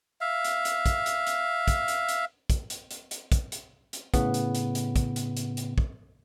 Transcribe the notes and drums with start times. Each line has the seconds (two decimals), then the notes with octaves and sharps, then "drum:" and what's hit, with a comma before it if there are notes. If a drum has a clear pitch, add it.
0.21 E5 F5
0.45 drum: hi-hat
0.65 drum: hi-hat
0.86 drum: kick, hi-hat
1.06 drum: hi-hat
1.27 drum: hi-hat
1.68 drum: kick, hi-hat
1.88 drum: hi-hat
2.09 drum: hi-hat
2.50 drum: kick, hi-hat
2.70 drum: hi-hat
2.91 drum: hi-hat
3.11 drum: hi-hat
3.32 drum: kick, hi-hat
3.52 drum: hi-hat
3.93 drum: hi-hat
4.14 A2 C#3 B3, drum: kick, hi-hat
4.34 drum: hi-hat
4.55 drum: hi-hat
4.75 drum: hi-hat
4.96 drum: kick, hi-hat
5.16 drum: hi-hat
5.37 drum: hi-hat
5.57 drum: hi-hat
5.78 drum: kick